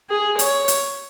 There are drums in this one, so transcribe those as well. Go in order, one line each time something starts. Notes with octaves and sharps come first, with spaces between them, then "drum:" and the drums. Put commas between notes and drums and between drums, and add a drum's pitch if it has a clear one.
G#4
C#5, drum: hi-hat
drum: hi-hat